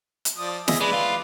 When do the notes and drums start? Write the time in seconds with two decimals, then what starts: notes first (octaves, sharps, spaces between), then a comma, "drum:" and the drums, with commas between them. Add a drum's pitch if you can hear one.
0.25 drum: hi-hat
0.37 F3 D5 D#6
0.68 G#4 D#5 E5, drum: snare
0.80 G#3 B4 D5
0.93 F4